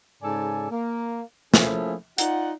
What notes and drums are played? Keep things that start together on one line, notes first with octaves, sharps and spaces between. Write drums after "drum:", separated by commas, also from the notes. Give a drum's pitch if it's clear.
G#2 C#3 A4 D5 G#5
A#3
F3 A3 A#3 C#4 E4 G#4, drum: snare
D#4 F4 D5 F#5, drum: hi-hat